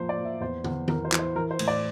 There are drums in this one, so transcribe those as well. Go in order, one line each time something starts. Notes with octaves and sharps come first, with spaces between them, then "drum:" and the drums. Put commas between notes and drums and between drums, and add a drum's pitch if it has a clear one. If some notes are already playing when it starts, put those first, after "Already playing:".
Already playing: F3 A#3 C5
D5
A#3
E5
E2 C5
E2, drum: tom D3
E3 A#4, drum: tom D#3
C5
E3, drum: clap
C5
E3 A#4
C5
A2, drum: cymbal
D5